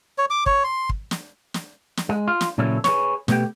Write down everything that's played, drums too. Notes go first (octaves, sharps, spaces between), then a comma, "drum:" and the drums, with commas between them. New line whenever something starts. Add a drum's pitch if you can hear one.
C#5
D6
C#5, drum: kick
C6
drum: kick
drum: snare
drum: snare
drum: snare
G#3
F4
drum: snare
A#2 C#3 F#3 C#4 E4 A4
G#4 B4 C#5, drum: snare
B2 A3 B3 G4 G5, drum: snare